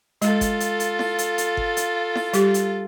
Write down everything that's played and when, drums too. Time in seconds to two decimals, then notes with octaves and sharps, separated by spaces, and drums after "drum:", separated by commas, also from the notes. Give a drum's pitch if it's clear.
0.22 G#3 F4 A4, drum: hi-hat
0.41 drum: kick G1, hi-hat
0.60 drum: hi-hat
0.80 drum: hi-hat
0.99 drum: snare E4
1.18 drum: hi-hat
1.38 drum: hi-hat
1.57 drum: kick G1
1.77 drum: hi-hat
2.15 drum: snare E4
2.33 G3 G4, drum: hi-hat
2.54 drum: hi-hat